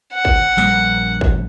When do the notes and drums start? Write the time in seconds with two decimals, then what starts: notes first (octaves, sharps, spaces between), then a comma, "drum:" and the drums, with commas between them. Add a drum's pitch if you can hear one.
0.14 F#5
0.25 drum: kick
0.57 A#1 G3 A#3, drum: clap
1.21 drum: kick